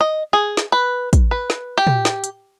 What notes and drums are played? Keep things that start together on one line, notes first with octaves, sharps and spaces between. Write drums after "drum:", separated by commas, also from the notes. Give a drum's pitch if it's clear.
D#5
G#4
drum: snare
B4
drum: kick, hi-hat
B4
drum: snare
G4
drum: tom
drum: snare
drum: hi-hat